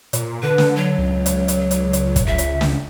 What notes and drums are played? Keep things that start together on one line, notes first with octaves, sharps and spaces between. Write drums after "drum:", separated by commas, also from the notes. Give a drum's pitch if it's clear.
A#2, drum: hi-hat
D3 B4
drum: snare
F#3
C#2
drum: hi-hat
drum: hi-hat
drum: hi-hat
drum: hi-hat
drum: kick, hi-hat
C#2 E5
drum: hi-hat
drum: snare